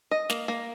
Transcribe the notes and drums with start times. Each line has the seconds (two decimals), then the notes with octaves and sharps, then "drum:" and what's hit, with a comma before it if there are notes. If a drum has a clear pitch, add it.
0.11 D#5
0.30 A#3, drum: snare
0.48 A#3